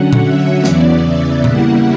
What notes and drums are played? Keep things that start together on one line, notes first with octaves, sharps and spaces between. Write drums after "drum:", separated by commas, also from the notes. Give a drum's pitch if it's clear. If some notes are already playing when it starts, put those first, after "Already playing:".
Already playing: D3 F#3 C#4 F#5
drum: tom A#2
E5
E2 C#3 E3 B3 D5, drum: snare
E5
C#3 G3 A#3 E4 F#5, drum: tom A#2